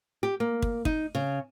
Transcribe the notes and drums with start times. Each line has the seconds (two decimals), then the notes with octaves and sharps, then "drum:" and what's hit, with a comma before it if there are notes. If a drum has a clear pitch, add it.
0.23 G4
0.40 A#3
0.62 drum: kick
0.85 D#4, drum: kick
1.15 C#3